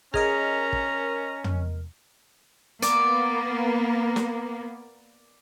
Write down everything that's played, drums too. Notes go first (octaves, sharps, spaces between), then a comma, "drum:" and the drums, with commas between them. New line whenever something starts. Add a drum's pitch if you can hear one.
C#4 G#4 A#4 D#5 A#5 F6, drum: kick
drum: kick
drum: tom
A#3 B3 D5, drum: hi-hat
drum: snare